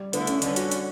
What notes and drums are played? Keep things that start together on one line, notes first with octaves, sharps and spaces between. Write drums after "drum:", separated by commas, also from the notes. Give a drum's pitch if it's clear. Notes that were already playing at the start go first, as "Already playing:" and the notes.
Already playing: G3
D3 A3 B3 E4, drum: hi-hat
C#4, drum: hi-hat
D3 G3 C#4 D4, drum: hi-hat
F#4, drum: hi-hat
drum: hi-hat